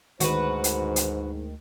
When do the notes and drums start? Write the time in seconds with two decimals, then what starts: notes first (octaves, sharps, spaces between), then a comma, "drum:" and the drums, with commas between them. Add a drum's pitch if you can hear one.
0.20 D2 G#2 D#3 F#4 B4 C5, drum: hi-hat
0.64 drum: hi-hat
0.96 drum: hi-hat